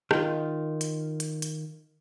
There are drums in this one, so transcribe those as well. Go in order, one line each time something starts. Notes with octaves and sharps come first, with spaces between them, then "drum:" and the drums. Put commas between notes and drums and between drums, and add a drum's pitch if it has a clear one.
D#3 F4, drum: rim click
drum: hi-hat
drum: hi-hat
drum: hi-hat